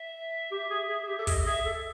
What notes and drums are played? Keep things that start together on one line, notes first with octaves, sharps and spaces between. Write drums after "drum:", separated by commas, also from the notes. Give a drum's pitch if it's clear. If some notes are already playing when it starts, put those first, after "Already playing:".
Already playing: E5
G4
G#4
G#4
G#4
G4
A4 E5
G#4 D#5, drum: kick, open hi-hat
D#5
G#4 E5
A4